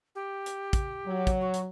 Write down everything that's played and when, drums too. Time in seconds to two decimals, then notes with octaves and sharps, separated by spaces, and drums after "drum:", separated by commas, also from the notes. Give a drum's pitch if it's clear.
0.15 G4
0.46 drum: hi-hat
0.73 drum: kick, hi-hat
1.06 F#3
1.27 drum: kick, hi-hat
1.40 F#4
1.54 drum: hi-hat